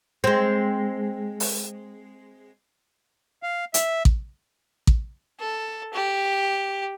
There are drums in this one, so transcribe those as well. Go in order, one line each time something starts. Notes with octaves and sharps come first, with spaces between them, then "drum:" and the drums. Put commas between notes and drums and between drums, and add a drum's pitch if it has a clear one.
G#3 C4
drum: open hi-hat
F5
E5, drum: hi-hat
drum: kick A1
drum: kick A1
A4
G4